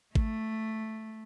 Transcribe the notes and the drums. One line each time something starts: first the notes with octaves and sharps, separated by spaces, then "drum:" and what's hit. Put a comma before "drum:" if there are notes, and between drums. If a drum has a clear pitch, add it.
A3, drum: kick G#1